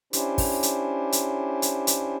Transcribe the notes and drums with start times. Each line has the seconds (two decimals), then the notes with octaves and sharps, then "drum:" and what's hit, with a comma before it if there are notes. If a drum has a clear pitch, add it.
0.13 C#4 D4 E4 G4 C5, drum: hi-hat
0.38 drum: kick, open hi-hat
0.63 drum: hi-hat
1.12 drum: hi-hat
1.62 drum: hi-hat
1.87 drum: hi-hat